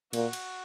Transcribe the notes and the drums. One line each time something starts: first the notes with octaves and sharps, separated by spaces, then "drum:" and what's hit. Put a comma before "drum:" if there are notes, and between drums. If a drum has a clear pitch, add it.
A#2 F#4, drum: cymbal
drum: cymbal